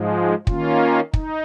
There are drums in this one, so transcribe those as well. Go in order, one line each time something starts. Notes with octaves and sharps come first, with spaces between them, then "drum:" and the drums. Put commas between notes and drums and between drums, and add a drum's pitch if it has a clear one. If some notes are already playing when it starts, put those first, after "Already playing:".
Already playing: G#2 F3 G#3
D#3 A#3 C#4 F4, drum: kick
D#4, drum: kick